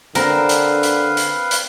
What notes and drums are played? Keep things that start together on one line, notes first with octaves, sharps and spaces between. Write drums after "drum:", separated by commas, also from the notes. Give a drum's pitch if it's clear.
D3 C4 A#4 B4 F5, drum: hi-hat
drum: hi-hat
drum: hi-hat
drum: hi-hat
drum: hi-hat